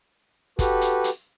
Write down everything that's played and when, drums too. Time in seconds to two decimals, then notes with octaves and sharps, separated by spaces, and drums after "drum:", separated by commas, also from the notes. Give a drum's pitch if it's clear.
0.59 F#4 G4 A4 B4, drum: kick, hi-hat
0.81 drum: hi-hat
1.04 drum: hi-hat